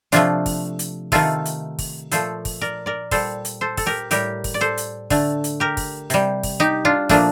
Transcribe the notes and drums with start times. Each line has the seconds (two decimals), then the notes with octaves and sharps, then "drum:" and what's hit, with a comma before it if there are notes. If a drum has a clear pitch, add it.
0.12 C3 F3 A3 D4 F4, drum: hi-hat
0.46 drum: kick, open hi-hat
0.79 drum: hi-hat
1.12 C3 D#3 A3 F4 A4, drum: kick, open hi-hat
1.45 drum: hi-hat
1.79 drum: kick, open hi-hat
2.11 A#2 F3 A3 A4 C5, drum: hi-hat
2.45 drum: kick, open hi-hat
2.61 A#4 D5
2.86 A#4 D5
3.11 A#2 G3 A4 C5, drum: kick, open hi-hat
3.45 drum: hi-hat
3.61 A4 C5
3.77 A4, drum: kick, open hi-hat
3.86 G4 A#4
4.11 A2 G3 G4 A#4, drum: hi-hat
4.44 drum: kick, open hi-hat
4.54 D5
4.61 A4 C5
4.77 drum: hi-hat
5.10 D3 A3, drum: kick, open hi-hat
5.44 drum: hi-hat
5.60 G4 A#4
5.77 drum: kick, open hi-hat
6.10 C3 G3, drum: hi-hat
6.43 drum: kick, open hi-hat
6.60 D#4 G4
6.85 D4 F4
7.09 A#2 F3 A3 A#3 D4, drum: kick, open hi-hat